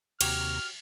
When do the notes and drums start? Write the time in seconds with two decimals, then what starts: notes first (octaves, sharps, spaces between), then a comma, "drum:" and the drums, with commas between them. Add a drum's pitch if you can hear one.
0.21 D#2 C3 F#4 G4 C#5 A#5 F6, drum: cymbal